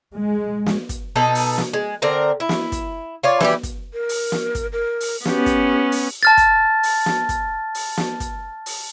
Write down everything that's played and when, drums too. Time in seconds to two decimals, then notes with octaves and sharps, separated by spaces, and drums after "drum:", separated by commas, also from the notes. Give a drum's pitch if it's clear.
0.17 G#3
0.66 drum: snare
0.89 drum: kick, hi-hat
1.16 B2 D#4 A4
1.35 drum: open hi-hat
1.58 drum: snare
1.73 G#3
2.02 D3 C4 A#4
2.40 E4
2.49 drum: snare
2.72 drum: kick, hi-hat
3.23 F4 C#5 D5
3.41 E3 G3 G4, drum: snare
3.63 drum: kick, hi-hat
3.93 A#4
4.09 drum: open hi-hat
4.32 drum: snare
4.55 drum: kick, hi-hat
4.72 A#4
5.00 drum: open hi-hat
5.25 B3 C#4 G4, drum: snare
5.46 drum: kick, hi-hat
5.92 drum: open hi-hat
6.23 A5 F6 A6
6.37 drum: kick, hi-hat
6.83 drum: open hi-hat
7.06 drum: snare
7.29 drum: kick, hi-hat
7.75 drum: open hi-hat
7.97 drum: snare
8.20 drum: kick, hi-hat
8.66 drum: open hi-hat